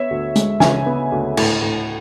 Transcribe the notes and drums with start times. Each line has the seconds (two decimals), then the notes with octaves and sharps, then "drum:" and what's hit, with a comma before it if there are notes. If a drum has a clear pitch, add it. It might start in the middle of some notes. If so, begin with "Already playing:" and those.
Already playing: B3 C#5 E5
0.11 D2
0.36 G#3, drum: hi-hat
0.60 C#3 E5 G#5, drum: snare
0.86 B3
1.12 D2
1.37 A2, drum: cymbal
1.62 A2